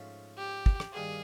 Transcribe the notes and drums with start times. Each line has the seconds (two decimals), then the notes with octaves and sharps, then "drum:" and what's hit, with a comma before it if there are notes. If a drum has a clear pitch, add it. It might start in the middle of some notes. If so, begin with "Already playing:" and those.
Already playing: G#2 F3 A3 C#4
0.38 G4
0.66 drum: kick
0.80 drum: rim click
0.93 G2 D#3 G3 A#3 G#4